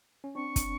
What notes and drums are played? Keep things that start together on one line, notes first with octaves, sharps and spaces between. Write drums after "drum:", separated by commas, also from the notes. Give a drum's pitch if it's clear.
C#4
C4 D4 C#6
drum: kick, hi-hat